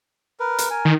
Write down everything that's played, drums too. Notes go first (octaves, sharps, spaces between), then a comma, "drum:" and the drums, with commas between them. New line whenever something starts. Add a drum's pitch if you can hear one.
A#4 B4
drum: hi-hat
A#4 G#5
D#3